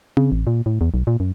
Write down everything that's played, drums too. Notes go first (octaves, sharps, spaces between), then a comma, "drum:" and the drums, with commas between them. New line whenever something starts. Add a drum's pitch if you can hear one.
C#3, drum: tom C4
A1
A#2
A2
E2
B1
A#2
F#2